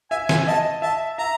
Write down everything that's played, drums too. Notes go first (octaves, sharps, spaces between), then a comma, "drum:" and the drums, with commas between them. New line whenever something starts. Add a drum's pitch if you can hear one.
E5 G#5
G#5, drum: snare
D#5 A5
E5 A5
E5 A#5